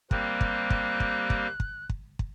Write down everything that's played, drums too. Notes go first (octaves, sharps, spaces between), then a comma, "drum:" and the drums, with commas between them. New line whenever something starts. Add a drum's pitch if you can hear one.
G3 A#3 C4 F#6, drum: kick
drum: kick
drum: kick
drum: kick
drum: kick
drum: kick
drum: kick
drum: kick